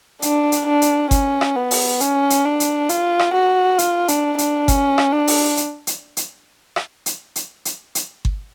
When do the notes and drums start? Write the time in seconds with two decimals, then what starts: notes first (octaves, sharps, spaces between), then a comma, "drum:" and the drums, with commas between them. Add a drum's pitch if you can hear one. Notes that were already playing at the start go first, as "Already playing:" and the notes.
0.22 D4, drum: hi-hat
0.52 drum: hi-hat
0.67 D4
0.82 drum: hi-hat
1.11 C#4, drum: kick G1, hi-hat
1.41 drum: rim click
1.56 B3
1.71 drum: open hi-hat
2.00 C#4, drum: hi-hat
2.30 drum: hi-hat
2.45 D4
2.60 drum: hi-hat
2.89 F4, drum: hi-hat
3.19 drum: rim click
3.34 F#4
3.79 F4, drum: hi-hat
4.08 D4, drum: hi-hat
4.38 D4, drum: hi-hat
4.68 C#4, drum: kick G1, hi-hat
4.98 drum: rim click
5.12 D4
5.27 drum: open hi-hat
5.57 drum: hi-hat
5.87 drum: hi-hat
6.17 drum: hi-hat
6.76 drum: rim click
7.06 drum: hi-hat
7.36 drum: hi-hat
7.65 drum: hi-hat
7.95 drum: hi-hat
8.25 drum: kick G1